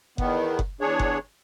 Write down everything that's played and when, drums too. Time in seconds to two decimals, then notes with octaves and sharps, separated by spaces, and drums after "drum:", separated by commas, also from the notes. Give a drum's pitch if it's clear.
0.18 E2 D#3 B3, drum: kick F#1
0.59 drum: kick F#1
0.81 E2 D4 G#4 C#5
0.99 drum: kick F#1